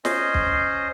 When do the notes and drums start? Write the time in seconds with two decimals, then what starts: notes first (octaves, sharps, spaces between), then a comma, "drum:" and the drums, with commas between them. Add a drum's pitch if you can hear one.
0.05 C#4 C5 D#5, drum: snare
0.34 drum: kick